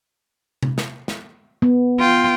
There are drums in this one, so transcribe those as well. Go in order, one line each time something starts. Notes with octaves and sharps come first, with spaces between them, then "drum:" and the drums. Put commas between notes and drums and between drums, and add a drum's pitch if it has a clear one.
drum: tom C3
drum: snare
drum: snare
B3
F4 G5